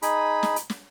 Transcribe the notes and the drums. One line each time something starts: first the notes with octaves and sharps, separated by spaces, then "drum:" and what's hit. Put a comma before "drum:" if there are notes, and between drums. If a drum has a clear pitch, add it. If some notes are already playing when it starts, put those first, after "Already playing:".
D#4 G#4 B5, drum: hi-hat
drum: snare
drum: hi-hat
drum: snare